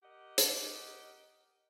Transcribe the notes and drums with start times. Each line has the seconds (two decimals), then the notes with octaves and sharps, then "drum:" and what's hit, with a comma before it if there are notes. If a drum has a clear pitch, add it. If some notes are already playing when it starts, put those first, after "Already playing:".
0.03 G4 A#4 D#5 F#5
0.38 drum: hi-hat